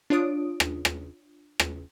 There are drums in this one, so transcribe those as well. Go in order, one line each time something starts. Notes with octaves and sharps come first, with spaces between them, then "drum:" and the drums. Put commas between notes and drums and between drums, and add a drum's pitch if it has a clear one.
D4 F4 C#5 D#6 D7
drum: rim click
drum: rim click
drum: rim click